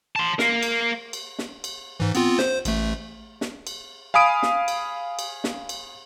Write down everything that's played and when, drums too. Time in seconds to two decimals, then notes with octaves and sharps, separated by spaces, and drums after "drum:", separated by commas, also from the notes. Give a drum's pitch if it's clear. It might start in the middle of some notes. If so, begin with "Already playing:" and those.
0.16 A5 C6
0.39 A#4 F5, drum: snare
0.63 drum: cymbal
1.13 drum: cymbal
1.39 drum: snare
1.64 drum: cymbal
2.00 G#2 E3
2.15 B3 C4 F4, drum: cymbal
2.39 C5, drum: snare
2.65 A1 A3, drum: cymbal
3.41 drum: snare
3.67 drum: cymbal
4.14 F5 G#5 B5 D#6 D7
4.43 drum: snare
4.68 drum: cymbal
5.19 drum: cymbal
5.44 drum: snare
5.69 drum: cymbal